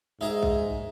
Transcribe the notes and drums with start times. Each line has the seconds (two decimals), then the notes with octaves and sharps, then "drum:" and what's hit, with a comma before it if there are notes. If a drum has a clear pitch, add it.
0.21 G#2 D#4 G#4 A#4 E5
0.43 drum: kick A#1